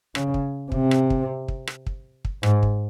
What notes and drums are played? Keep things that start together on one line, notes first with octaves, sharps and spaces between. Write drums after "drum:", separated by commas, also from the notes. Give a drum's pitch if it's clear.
C#3, drum: rim click
drum: kick
C3, drum: kick
drum: rim click
drum: kick
drum: kick
drum: rim click
drum: kick
drum: kick
G#2, drum: rim click
drum: kick